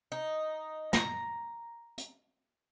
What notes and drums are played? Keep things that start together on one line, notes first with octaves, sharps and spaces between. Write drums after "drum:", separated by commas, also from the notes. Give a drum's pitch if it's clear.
D#4
A#5, drum: snare
drum: hi-hat